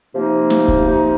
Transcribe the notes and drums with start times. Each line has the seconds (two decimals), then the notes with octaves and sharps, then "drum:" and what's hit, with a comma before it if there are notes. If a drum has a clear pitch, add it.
0.14 C3 F3 A#3 D#4
0.50 drum: snare
0.68 drum: kick
0.86 C3 F3 A#3 D#4